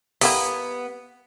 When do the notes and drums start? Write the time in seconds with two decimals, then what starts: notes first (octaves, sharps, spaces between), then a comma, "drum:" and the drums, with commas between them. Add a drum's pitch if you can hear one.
0.21 G3 A#3 B3 E4, drum: open hi-hat